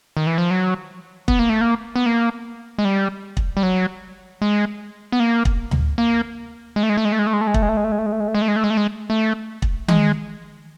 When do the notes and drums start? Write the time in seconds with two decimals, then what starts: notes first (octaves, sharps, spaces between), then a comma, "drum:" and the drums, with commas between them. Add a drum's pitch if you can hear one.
0.17 D#3
0.27 E3
0.38 F3
0.51 F#3
1.28 B3, drum: kick
1.39 A#3
1.49 A3
1.61 A#3
1.96 B3
2.06 A#3
2.78 G#3
2.85 G3
3.37 drum: kick
3.57 G3
3.63 F#3
4.42 G#3
5.12 B3
5.20 A#3
5.45 drum: kick
5.71 drum: tom D2
5.98 A#3
6.76 G#3
6.83 A3
6.89 G#3
6.97 A3
7.05 G#3
7.12 A3
7.19 G#3
7.26 A3
7.33 G#3
7.41 A3
7.47 G#3
7.54 A3, drum: kick
7.62 G#3
7.69 A3
7.77 G#3
7.84 A3
7.92 G#3
7.98 A3
8.06 G#3
8.12 A3
8.20 G#3
8.28 A3
8.34 G#3
8.42 A3
8.48 G#3
8.56 A3
8.64 G#3
8.70 A3
8.77 G#3
9.10 A3
9.62 drum: kick
9.88 G#3, drum: tom D#3